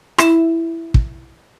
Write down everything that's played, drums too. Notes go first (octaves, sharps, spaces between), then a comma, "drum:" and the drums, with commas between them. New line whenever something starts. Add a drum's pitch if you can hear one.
E4, drum: rim click
drum: kick